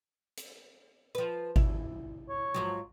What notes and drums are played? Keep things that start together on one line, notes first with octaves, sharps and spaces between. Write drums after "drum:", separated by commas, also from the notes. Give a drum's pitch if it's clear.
drum: hi-hat
F3 B4
E4, drum: kick G#1
C#5
G#2 F3 F#3